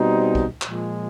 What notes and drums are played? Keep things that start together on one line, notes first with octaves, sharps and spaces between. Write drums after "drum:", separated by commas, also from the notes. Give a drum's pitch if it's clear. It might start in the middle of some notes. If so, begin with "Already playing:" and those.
Already playing: B2 G3 C4 D#4
drum: kick A#1
A#2 F3 G#3, drum: clap